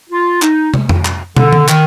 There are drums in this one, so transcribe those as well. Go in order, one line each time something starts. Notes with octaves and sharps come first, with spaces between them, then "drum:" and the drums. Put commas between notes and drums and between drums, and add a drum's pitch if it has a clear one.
F4
D#4, drum: clap
drum: tom
drum: tom F2
drum: clap
D3, drum: tom
drum: tom D#3
D#3, drum: clap